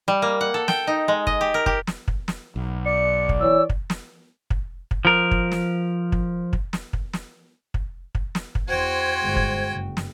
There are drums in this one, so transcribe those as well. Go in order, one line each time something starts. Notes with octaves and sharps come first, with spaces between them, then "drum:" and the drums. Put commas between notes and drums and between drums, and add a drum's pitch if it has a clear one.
G3
A#3
F#5
A4
G5, drum: snare
D#4
G#3
D#5, drum: kick
G4
A#4
G4, drum: kick
drum: snare
drum: kick
drum: snare
B1
D5 C#7
drum: kick
E3 C#5 E6
drum: kick
drum: snare
drum: kick
drum: kick
F3 A#4
drum: kick
drum: snare
drum: kick
drum: kick
drum: snare
drum: kick
drum: snare
drum: kick
drum: kick
drum: snare
drum: kick
E2 F#4 C5 G5 G#6
G1 G#3
drum: kick
F#1
drum: snare